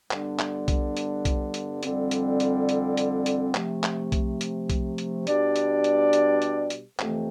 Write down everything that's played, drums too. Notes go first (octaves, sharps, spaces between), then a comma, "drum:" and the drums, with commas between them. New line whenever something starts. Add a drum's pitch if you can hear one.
G2 D3 G3 B3 D4, drum: clap
drum: clap
drum: kick B1, hi-hat
drum: hi-hat
drum: kick B1, hi-hat
drum: hi-hat
F2 D3 G3 C4, drum: hi-hat
drum: hi-hat
drum: hi-hat
drum: hi-hat
drum: hi-hat
drum: hi-hat
C3 F3 A3, drum: clap
drum: clap
drum: kick B1, hi-hat
drum: hi-hat
drum: kick B1, hi-hat
drum: hi-hat
B2 G3 D4 G4 D5, drum: hi-hat
drum: hi-hat
drum: hi-hat
drum: hi-hat
drum: hi-hat
drum: hi-hat
F2 C3 E3 A3, drum: clap